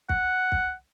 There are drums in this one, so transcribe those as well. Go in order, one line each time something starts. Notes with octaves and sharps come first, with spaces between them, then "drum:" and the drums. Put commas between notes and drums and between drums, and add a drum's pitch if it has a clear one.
F#5, drum: kick
drum: kick